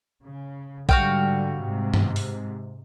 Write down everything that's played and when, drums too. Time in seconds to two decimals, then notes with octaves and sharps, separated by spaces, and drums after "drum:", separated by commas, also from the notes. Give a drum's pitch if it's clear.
0.24 C#3
0.89 G#2 D3 G3 F#4 F5 G5, drum: kick A#1
1.60 G#2 C3
1.94 drum: tom G2
2.16 drum: open hi-hat